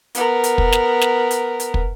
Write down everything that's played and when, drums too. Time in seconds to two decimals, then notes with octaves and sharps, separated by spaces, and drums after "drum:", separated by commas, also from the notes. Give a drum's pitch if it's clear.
0.15 B3 A#4, drum: hi-hat
0.44 drum: hi-hat
0.58 drum: kick
0.73 drum: snare
1.02 drum: snare
1.31 drum: hi-hat
1.60 drum: hi-hat
1.74 drum: kick